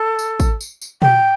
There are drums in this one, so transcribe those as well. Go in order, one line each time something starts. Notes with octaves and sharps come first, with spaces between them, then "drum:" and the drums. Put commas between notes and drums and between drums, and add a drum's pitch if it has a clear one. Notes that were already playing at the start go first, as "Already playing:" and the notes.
Already playing: A4
drum: tambourine
drum: kick, tambourine
drum: tambourine
drum: tambourine
G5, drum: tom